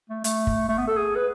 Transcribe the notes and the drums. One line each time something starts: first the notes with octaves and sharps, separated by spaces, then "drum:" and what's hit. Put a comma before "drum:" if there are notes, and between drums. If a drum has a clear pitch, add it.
A3
A3, drum: hi-hat
drum: kick F#1
A3
B3
A4
G#4
B4